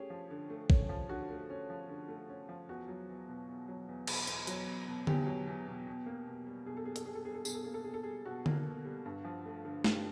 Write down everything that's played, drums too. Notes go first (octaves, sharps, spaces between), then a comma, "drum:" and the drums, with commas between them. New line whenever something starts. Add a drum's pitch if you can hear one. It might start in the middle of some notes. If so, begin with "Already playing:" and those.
Already playing: A3 C#4 G4 G#4
F3
D3
A3
C#4, drum: kick A1
F3
D3 F#4
A3
C#4
F3
D3
A3
C#4
F3
E2 F#4
F#3
E2
B2
E2
F#3
E2
B2, drum: cymbal
E2, drum: hi-hat
F#3, drum: hi-hat
E2
B2
E2 G4, drum: tom D3
F#3
E2
B2
B2
A#3
B2
G3
B2 G#4
A4
A#3 G#4
A4, drum: hi-hat
B2 G#4
A4
G3 G#4
A4
B2 G#4, drum: tambourine
A4
A#3 G#4
A4
B2 G#4
A4
G3 G#4
B2 F#4
A#3, drum: tom D3
B2
G3
G2
F3
A3
D3
G2 G4, drum: snare